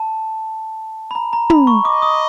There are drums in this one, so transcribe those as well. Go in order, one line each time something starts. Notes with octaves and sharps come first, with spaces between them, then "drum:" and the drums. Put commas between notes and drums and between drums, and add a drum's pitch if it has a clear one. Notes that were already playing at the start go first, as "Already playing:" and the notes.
Already playing: A5
B5
A#5
A#5
B5, drum: tom
C#6
D#5 D6
D#6